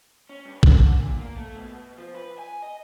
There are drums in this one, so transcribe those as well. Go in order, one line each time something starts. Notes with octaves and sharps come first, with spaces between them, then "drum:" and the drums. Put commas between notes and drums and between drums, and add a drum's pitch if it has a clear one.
C#4
G2
D3, drum: kick A#1
A#2
A#3
A3
B2
F3
B4
G#5
D#5